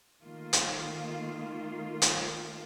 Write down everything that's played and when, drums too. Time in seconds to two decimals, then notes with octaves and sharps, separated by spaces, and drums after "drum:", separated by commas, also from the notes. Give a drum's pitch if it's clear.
0.21 D#3 A3 A#3 F4
0.53 drum: hi-hat
2.02 drum: hi-hat